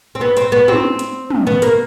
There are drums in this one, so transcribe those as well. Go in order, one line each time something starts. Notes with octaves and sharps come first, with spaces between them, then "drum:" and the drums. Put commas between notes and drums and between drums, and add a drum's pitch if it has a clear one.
C4
B3
C4, drum: hi-hat
B3
C4, drum: tom
drum: hi-hat
drum: tom
B3
A#3, drum: hi-hat